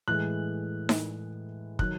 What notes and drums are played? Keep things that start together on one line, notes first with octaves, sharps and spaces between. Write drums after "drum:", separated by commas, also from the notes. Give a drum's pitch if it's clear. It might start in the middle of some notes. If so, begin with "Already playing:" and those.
A2 E3 G#3 F#6
drum: snare D#4
D#3 F#3 F#6, drum: kick